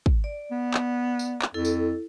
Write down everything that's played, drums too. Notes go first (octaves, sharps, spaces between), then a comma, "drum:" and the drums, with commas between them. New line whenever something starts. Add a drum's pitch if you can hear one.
drum: kick
D5
B3
drum: clap
drum: tambourine
drum: clap
F2 E4 A4
drum: tambourine